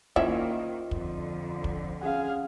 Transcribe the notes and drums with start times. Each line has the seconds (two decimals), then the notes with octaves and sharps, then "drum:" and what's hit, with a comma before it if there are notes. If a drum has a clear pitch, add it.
0.16 D#3 A#3 C#4 E4 F4 C5 D#5, drum: kick
0.91 F2 D3, drum: kick
1.64 drum: kick
2.02 C#4 G#4 F5 F#5